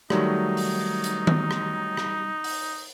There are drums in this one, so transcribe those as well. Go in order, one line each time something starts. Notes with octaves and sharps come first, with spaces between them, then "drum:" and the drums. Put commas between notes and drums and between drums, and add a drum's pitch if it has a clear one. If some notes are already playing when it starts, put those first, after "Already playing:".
D#3 F#3 G3 A3 D#4, drum: rim click
drum: open hi-hat
drum: hi-hat
drum: tom D#3
drum: rim click
drum: rim click
drum: open hi-hat